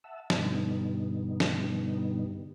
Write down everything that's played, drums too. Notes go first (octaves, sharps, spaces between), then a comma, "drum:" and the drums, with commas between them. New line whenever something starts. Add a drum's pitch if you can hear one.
E5 F#5 A5 E6
G2 B2 D3 G3 B3 D#4, drum: snare
drum: snare